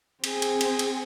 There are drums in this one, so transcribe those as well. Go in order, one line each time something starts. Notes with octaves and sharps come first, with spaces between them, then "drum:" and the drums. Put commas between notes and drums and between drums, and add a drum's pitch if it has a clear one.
C4 G#4, drum: cymbal
drum: cymbal
drum: cymbal
drum: cymbal